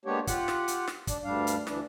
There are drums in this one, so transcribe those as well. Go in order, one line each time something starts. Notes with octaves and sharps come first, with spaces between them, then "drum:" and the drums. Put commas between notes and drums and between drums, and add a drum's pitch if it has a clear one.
G#3 A#3 B3 D4 G4 C#5
F4 G4 F#5, drum: kick, hi-hat
drum: snare
drum: hi-hat
drum: snare
D4, drum: kick, hi-hat
D2 G2 G3 D4 F5
drum: hi-hat
D2 E3 D4, drum: snare